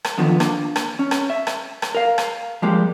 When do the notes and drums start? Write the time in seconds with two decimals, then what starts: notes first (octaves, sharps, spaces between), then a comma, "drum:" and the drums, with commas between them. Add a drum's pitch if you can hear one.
0.05 drum: rim click
0.18 D3 D#3 F3 B3
0.40 A#3 D4, drum: rim click
0.76 drum: rim click
0.99 C#4
1.11 drum: rim click
1.30 E5
1.47 drum: rim click
1.82 drum: rim click
1.95 A#4 F5
2.18 drum: rim click
2.62 F3 G3 G#3 A#3 G4